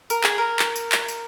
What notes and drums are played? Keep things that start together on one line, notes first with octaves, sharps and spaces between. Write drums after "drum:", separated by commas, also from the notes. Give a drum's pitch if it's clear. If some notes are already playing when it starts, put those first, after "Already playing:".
A#4, drum: tambourine
G#4, drum: clap
A#4
drum: clap
drum: tambourine
drum: clap
drum: tambourine